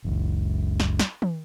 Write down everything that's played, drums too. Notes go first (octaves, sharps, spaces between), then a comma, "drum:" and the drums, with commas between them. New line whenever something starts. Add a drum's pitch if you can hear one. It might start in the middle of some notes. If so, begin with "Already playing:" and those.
F#1 C#2
drum: snare
drum: snare
drum: tom